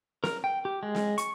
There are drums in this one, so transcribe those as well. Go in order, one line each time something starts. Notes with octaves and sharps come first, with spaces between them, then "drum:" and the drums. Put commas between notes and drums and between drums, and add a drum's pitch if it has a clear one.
A#4, drum: snare
G5
G4
G#3
drum: snare
C#6, drum: hi-hat